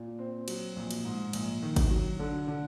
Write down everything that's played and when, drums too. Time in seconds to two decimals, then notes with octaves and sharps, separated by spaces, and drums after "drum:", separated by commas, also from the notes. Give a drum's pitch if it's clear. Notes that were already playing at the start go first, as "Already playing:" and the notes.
Already playing: A#2
0.19 C4
0.48 F#3, drum: cymbal
0.76 A#1
0.91 drum: cymbal
1.05 G#2
1.33 A#1, drum: cymbal
1.63 D#3
1.76 drum: kick G#1, cymbal
1.91 F#3
2.19 D3
2.48 D3